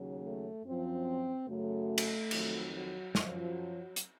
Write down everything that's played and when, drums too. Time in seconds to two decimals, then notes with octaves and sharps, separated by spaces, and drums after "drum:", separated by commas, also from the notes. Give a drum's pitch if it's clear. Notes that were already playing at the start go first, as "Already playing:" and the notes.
Already playing: D#2 C#3 F#3
0.22 A3
0.64 F#2 F3 C4
1.48 F#2 C#3 F#3 A3
1.98 drum: cymbal
2.31 F2 D#3 F#3, drum: cymbal
2.73 F#3
3.15 F#2 F3 F#3, drum: snare
3.96 drum: hi-hat